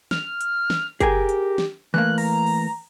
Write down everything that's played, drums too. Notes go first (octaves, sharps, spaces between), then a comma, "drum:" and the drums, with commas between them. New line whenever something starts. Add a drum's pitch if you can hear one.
F6, drum: snare
drum: hi-hat
drum: snare
G4 G#4 A#4 G#5, drum: kick F#1, hi-hat
drum: hi-hat
drum: snare
E3 A3 A#3 F#6
A#5, drum: open hi-hat
drum: open hi-hat